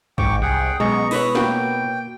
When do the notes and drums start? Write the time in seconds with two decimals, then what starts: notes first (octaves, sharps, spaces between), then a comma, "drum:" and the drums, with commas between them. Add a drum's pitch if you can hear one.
0.18 G#2 G5 C#6 D6, drum: kick
0.42 C2 G#4 F#5 G5
0.80 F#2 B2 G#3 D#5 A#5 C#6
1.11 E4 B4 C#5 D#6, drum: open hi-hat
1.35 A#3 F#4 G5, drum: snare